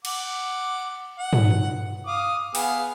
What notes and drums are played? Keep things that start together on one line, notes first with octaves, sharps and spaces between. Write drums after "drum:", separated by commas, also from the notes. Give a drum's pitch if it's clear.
F#5 D6, drum: cymbal
F#5
drum: tom
F5 D6 D#6
B3 G#4 F5, drum: open hi-hat